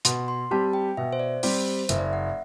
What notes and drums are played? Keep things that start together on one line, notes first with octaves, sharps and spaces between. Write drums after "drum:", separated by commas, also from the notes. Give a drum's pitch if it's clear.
B2 C6, drum: hi-hat
C6
G3 C4 G4 A5
G5
B2 E5
C5
D5
G3 C4 G4 C5, drum: open hi-hat
C5
F#1 E5, drum: hi-hat
D5
E5
F#5